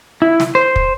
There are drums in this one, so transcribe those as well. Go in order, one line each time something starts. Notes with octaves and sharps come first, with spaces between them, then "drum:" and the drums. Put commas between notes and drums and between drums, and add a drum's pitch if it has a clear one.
E4
drum: snare
C5
drum: kick